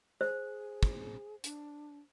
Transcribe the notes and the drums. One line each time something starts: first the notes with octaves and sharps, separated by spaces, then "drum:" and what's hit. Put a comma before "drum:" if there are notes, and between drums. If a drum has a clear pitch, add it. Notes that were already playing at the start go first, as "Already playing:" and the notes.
G#4 C5
drum: kick
D4, drum: hi-hat